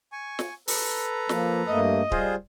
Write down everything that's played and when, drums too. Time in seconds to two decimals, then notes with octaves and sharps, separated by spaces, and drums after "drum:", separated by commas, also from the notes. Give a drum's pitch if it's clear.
0.12 G#5 C#6
0.39 drum: snare
0.68 A4 B4 A#5, drum: open hi-hat
1.29 F3 A#3, drum: snare
1.68 G2 A3 A#3 D#5
2.11 G3 F4 G#4 C5, drum: kick D1